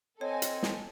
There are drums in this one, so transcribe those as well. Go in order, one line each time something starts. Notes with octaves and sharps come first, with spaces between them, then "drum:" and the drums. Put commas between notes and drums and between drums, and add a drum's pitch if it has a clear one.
C4 A4 C#5 D#5 G#5
drum: hi-hat
drum: snare